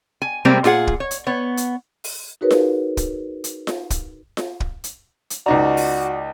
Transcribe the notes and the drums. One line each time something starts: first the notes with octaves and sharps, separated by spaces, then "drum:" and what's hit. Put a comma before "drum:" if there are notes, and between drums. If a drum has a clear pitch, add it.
G#5
C3 G3 G#3 A#3 C4
A#2 F4 G#4 F#5, drum: snare F4
drum: kick
C#5
drum: hi-hat
B3 C#5
drum: hi-hat
drum: open hi-hat
D#4 F#4 G#4 A#4 B4 C#5
drum: snare F4
drum: kick, hi-hat
drum: hi-hat
drum: snare F4
drum: kick, hi-hat
drum: snare F4
drum: kick
drum: hi-hat
drum: hi-hat
C#2 D#4 F#4 D5 A#5
drum: open hi-hat